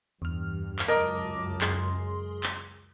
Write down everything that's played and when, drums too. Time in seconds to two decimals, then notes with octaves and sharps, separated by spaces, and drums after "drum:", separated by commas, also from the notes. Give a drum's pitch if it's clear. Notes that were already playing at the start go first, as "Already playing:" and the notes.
0.22 E2 G2 F6
0.79 drum: clap
0.88 C#2 F#2 A#4 D#5 A5 D6
1.61 G#4 C6, drum: clap
2.43 drum: clap